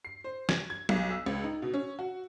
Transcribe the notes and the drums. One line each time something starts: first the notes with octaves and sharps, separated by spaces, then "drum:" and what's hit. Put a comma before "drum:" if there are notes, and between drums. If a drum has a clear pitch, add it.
C7
C5
G#6, drum: snare
G#6
B1, drum: tom F#3
E6
C#2
D#4
B2
C#4
F#4